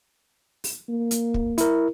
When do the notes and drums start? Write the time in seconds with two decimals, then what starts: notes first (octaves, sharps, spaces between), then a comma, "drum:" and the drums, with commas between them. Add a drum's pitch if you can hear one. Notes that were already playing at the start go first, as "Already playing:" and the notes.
0.64 drum: open hi-hat
0.89 A#3
1.11 drum: hi-hat
1.34 drum: kick
1.58 E4 A#4, drum: hi-hat